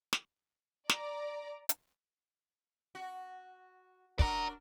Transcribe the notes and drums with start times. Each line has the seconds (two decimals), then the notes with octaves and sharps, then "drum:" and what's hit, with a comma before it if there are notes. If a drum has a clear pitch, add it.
0.13 drum: snare
0.89 D5 A#5, drum: snare
1.69 drum: hi-hat
2.95 F#4
4.19 D4 F#4 A#4 D5 A#5, drum: kick